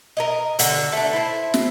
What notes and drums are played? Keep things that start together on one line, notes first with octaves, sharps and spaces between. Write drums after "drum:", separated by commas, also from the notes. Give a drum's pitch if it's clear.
A#4 C#5 D#5
D3 F#4 A4, drum: hi-hat
A3 D4
E4 C5
drum: snare